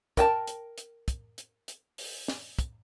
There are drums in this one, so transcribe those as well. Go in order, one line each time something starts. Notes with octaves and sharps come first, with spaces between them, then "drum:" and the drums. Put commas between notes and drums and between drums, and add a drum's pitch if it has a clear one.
A#4 G5 A5, drum: kick, hi-hat
drum: hi-hat
drum: hi-hat
drum: kick, hi-hat
drum: hi-hat
drum: hi-hat
drum: open hi-hat
drum: snare
drum: kick, hi-hat